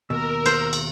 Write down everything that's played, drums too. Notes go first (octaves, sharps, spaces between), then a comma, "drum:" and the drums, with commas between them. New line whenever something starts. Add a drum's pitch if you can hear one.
D#2 B2 A#4 E6
C5, drum: cymbal
drum: cymbal